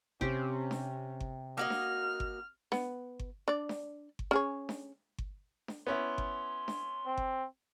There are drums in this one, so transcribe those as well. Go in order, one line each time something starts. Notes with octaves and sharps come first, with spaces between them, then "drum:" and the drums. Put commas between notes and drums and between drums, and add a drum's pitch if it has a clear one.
C3 C4 C#4 G4, drum: kick G1
drum: snare D4
drum: kick G1
A#3 F#4 D#5 F6
drum: snare D4
drum: kick G1
B3, drum: snare D4
drum: kick G1
D4 D5
drum: snare D4
drum: kick G1
C#4 G#4 C#5
drum: snare D4
drum: kick G1
drum: snare D4
B3 C#4 E4 C6
drum: kick G1
drum: snare D4
C4
drum: kick G1